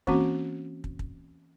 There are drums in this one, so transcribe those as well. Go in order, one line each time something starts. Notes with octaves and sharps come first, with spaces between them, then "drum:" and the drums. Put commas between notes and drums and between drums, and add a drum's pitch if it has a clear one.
E3 A#3 C4 C#4 F#4, drum: kick
drum: kick
drum: kick